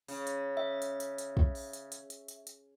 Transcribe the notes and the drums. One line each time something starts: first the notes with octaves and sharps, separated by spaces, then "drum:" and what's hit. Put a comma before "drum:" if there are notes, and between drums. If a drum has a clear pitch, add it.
C#3, drum: open hi-hat
drum: hi-hat
E5
drum: hi-hat
drum: hi-hat
drum: hi-hat
drum: kick
drum: open hi-hat
drum: hi-hat
drum: hi-hat
drum: hi-hat
drum: hi-hat
drum: hi-hat